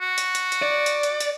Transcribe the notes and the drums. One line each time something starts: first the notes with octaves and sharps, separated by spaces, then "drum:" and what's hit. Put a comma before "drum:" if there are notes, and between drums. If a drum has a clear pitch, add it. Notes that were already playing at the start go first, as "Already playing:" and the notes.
F#4
drum: hi-hat
drum: hi-hat
drum: hi-hat
D5
drum: hi-hat
drum: hi-hat
drum: hi-hat